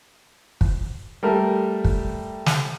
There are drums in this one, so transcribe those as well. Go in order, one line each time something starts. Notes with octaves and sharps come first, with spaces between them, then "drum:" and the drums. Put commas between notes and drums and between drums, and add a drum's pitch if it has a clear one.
drum: kick
G3 A3 A#4 E5
drum: kick
drum: snare